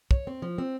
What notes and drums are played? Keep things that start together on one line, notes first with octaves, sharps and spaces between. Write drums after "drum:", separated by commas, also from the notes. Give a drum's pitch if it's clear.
C#5, drum: kick
C4
F3
C4